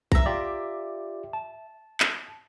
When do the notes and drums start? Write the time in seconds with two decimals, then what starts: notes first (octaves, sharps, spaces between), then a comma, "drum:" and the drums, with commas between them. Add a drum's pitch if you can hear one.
0.12 E5 A#5, drum: kick A#1
0.26 F4 G4 D5
1.33 A5
2.00 drum: clap